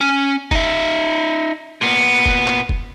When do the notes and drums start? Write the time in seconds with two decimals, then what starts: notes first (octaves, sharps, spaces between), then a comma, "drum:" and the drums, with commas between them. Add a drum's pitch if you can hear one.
0.01 C#4
0.51 D#4 E5, drum: kick F1
1.81 A#2 B3
2.26 drum: kick F1
2.48 drum: clap
2.69 drum: kick F1